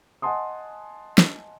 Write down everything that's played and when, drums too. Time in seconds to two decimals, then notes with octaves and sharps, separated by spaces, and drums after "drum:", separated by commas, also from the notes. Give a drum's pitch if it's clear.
0.22 D#5 F#5 G#5 A5 C6 D#6
1.18 drum: snare